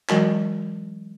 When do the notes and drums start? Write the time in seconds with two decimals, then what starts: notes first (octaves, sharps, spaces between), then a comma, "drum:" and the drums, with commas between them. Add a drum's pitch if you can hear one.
0.09 E3 F#3 G#3 F#4 A#4 D#5, drum: clap